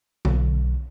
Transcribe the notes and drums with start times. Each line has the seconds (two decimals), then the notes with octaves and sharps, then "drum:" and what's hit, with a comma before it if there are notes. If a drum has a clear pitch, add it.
0.25 B1, drum: tom D3